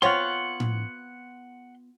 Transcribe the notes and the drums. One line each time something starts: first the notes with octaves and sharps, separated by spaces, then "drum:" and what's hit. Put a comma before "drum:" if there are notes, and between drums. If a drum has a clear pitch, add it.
B3 C4 F4 C#5 F#5 C6
drum: tom A2